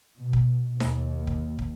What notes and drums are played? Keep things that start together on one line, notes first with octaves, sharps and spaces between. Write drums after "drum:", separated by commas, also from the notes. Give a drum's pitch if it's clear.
B2
drum: kick
D#2, drum: snare D#4
drum: kick
drum: kick